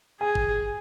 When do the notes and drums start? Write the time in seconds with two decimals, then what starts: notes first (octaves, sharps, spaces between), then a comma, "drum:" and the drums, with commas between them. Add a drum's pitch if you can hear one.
0.20 G#4 G#5
0.35 drum: kick G1